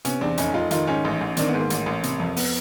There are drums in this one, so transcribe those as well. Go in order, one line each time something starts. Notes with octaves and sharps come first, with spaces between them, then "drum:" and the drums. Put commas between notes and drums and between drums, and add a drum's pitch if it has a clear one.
C3 B3 C#4, drum: hi-hat
E2 C4 D4
F1 C#4 D#4, drum: hi-hat
F1 D#4 F4
D#3 D#4 F4, drum: hi-hat
G#2 C#4 D#4
A1
A1
D#3 C4 D4, drum: hi-hat
B3
G#2
A#3
A1, drum: hi-hat
A1
C3, drum: hi-hat
F2
B3, drum: open hi-hat